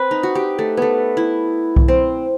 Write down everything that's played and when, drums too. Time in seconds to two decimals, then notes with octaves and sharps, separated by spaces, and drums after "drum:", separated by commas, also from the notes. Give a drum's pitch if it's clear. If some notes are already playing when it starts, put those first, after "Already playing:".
Already playing: C4 B4
0.11 D#4
0.23 F#4
0.35 G4
0.59 A3
0.77 A3 B3
1.17 E4
1.76 drum: kick B1
1.88 C4